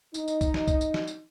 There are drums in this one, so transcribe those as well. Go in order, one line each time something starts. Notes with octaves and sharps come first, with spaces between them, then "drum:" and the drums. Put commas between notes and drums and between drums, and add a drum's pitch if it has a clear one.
D#4, drum: tambourine
drum: tambourine
drum: kick, tambourine
drum: snare
drum: kick, tambourine
drum: tambourine
drum: snare
drum: tambourine